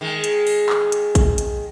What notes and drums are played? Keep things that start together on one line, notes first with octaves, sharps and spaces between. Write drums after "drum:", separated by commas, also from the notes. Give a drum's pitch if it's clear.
D#3 G#3
drum: hi-hat
drum: open hi-hat
drum: clap
drum: hi-hat
drum: kick A1, hi-hat
drum: hi-hat